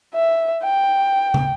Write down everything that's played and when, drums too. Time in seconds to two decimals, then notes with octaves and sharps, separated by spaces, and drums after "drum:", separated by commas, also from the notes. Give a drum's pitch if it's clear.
0.14 E5
0.63 G5
1.34 drum: tom